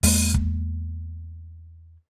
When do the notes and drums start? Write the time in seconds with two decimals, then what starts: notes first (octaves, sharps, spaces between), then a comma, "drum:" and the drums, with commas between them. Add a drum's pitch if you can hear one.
0.03 E2 G#3 A#3, drum: open hi-hat
0.34 drum: kick